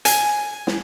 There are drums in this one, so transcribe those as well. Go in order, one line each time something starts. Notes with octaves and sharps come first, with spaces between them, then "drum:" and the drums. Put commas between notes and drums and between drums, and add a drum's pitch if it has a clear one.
G#5, drum: hi-hat
drum: snare